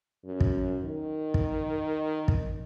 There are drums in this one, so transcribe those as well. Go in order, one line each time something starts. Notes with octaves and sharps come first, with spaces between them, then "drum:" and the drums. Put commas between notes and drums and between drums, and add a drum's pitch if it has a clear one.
F#2
drum: kick
D#3
drum: kick
drum: kick